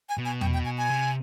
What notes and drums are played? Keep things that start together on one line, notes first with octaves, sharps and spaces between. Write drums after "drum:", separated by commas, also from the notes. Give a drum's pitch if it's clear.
G#5
B2
G#5
G5, drum: tom E2
G5
G#5
G#5
C3